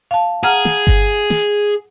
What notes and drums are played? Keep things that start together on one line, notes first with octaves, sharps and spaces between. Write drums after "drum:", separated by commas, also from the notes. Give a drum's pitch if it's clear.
F5 A5
G#4 F#5 A#5 F6
drum: snare
drum: kick G1
drum: snare